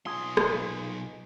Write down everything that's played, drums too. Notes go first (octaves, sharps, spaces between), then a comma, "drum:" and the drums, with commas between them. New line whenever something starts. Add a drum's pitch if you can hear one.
B1 F4 G#4 C6
drum: rim click